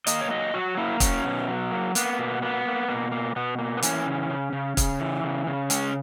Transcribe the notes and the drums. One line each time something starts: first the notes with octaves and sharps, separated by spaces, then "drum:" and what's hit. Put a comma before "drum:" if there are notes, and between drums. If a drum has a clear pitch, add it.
A#3 D#5, drum: hi-hat
C#5
F#3 D#5
F#3 F#4
A#3 E4
F#3 C#4, drum: kick, hi-hat
B2
F#3
A#3
A#3 B3, drum: hi-hat
B2
A#3 B3
A#3
B2 A#3
A#3
B2 B3
A#3
B3
E3 C#4, drum: hi-hat
C#3
C#3
C#3
C#3, drum: kick, hi-hat
E3
C#3
C#3
G#3 C#4, drum: hi-hat